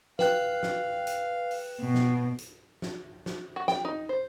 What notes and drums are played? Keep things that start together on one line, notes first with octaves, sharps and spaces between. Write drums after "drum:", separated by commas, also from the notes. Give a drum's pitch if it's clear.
B4 F5 G5 F#6, drum: snare
drum: snare
drum: hi-hat
drum: open hi-hat
B2
drum: snare
drum: hi-hat
drum: snare
drum: snare
F#4
G5, drum: snare
D#4
C5